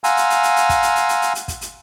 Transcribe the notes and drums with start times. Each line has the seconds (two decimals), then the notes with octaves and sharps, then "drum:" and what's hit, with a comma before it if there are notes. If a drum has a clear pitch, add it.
0.04 F5 F#5 G#5 A#5 C6 E6, drum: hi-hat
0.17 drum: hi-hat
0.30 drum: hi-hat
0.43 drum: hi-hat
0.56 drum: hi-hat
0.69 drum: kick, hi-hat
0.82 drum: hi-hat
0.96 drum: hi-hat
1.09 drum: hi-hat
1.22 drum: hi-hat
1.35 drum: hi-hat
1.48 drum: kick, hi-hat
1.61 drum: hi-hat